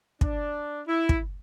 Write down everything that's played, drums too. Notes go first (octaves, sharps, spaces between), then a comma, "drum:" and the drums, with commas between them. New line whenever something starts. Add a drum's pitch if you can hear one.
D4, drum: kick
E4
drum: kick